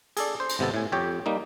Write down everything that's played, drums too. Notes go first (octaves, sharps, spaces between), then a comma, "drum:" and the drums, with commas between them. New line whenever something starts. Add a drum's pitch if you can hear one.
G#4 A4 D5, drum: cymbal
C5
drum: cymbal
G#1 C3 B3 A4 A5
A2 G#5
F2 G4 C#5 G5
G3 A#3 D#4